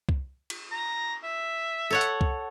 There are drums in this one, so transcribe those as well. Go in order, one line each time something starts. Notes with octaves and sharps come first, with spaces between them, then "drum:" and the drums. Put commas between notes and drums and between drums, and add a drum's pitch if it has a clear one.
drum: kick C2
drum: cymbal
A#5
E5
A4 C#5 F#5
drum: hi-hat
drum: kick C2